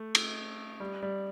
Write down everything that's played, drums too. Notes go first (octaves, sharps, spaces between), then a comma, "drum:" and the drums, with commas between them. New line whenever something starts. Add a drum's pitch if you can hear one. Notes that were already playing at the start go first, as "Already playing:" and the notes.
Already playing: A3
drum: cymbal
G3
G3